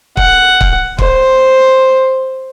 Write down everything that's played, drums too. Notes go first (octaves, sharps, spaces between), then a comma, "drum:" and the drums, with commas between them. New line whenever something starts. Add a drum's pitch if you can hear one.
F#5, drum: kick
drum: kick
C5, drum: kick